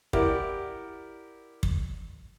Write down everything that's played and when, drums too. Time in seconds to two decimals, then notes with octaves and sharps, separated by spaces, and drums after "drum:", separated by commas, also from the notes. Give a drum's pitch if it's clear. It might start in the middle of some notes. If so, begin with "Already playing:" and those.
0.13 E4 G4 A#4 D5 F#5, drum: kick
1.63 drum: kick